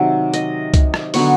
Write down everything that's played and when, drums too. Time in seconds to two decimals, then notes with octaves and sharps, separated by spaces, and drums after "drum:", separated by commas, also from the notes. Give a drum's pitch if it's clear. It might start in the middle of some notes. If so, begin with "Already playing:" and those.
Already playing: C3 D#3 F#3 E5
0.34 D#5, drum: hi-hat
0.74 drum: kick C2, hi-hat
0.94 drum: rim click
1.14 D3 F#3 B3 C#5, drum: open hi-hat